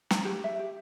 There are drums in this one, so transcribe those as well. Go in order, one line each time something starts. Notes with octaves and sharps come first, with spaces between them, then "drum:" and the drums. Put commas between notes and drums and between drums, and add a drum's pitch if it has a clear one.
drum: snare
G4
E5
G4